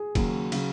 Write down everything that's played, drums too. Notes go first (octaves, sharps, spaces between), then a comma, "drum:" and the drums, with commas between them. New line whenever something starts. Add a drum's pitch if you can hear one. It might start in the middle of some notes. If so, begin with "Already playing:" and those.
Already playing: G#4
D#2 C#3 F#3, drum: kick E1, cymbal
C#3 F#3, drum: cymbal